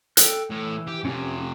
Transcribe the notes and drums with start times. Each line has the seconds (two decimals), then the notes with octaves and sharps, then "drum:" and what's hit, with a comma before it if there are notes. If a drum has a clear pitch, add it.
0.17 A4 G5 F#6, drum: hi-hat
0.50 A2 E3
0.88 G4
1.05 F2 C3 C#4 G4